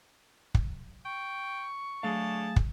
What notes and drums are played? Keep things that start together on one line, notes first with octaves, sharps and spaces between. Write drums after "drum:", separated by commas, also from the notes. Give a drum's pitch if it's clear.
drum: kick
G5 C#6
D3 F#3 A3 G#4 F5 A5
drum: kick